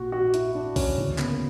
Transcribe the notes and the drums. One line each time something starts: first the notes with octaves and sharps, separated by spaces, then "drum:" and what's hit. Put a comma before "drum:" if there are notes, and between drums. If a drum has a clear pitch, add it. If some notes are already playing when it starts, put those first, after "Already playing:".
Already playing: A#1 A#2 F#4
F#4
E4, drum: hi-hat
D4
C#4, drum: kick B1, open hi-hat
D2 C#3 E3
B3, drum: clap
A#3